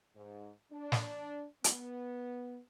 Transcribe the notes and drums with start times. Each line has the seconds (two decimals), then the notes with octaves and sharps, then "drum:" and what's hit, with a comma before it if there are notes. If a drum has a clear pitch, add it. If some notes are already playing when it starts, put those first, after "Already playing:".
0.16 G#2
0.71 D4
0.92 drum: snare
1.64 B3, drum: hi-hat